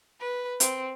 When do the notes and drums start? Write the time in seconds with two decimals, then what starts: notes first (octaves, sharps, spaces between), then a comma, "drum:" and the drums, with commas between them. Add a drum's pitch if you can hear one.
0.20 B4
0.60 C4, drum: hi-hat